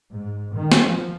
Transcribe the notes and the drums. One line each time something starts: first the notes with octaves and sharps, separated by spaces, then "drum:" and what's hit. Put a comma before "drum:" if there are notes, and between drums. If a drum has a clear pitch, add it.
G#2
D#3
drum: snare
F3